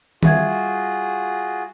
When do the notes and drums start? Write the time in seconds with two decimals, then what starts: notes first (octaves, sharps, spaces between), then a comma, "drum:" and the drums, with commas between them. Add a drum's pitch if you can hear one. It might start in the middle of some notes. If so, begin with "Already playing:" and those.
0.23 G3 F4 F#4 G#4 E5 G#6, drum: tom D#3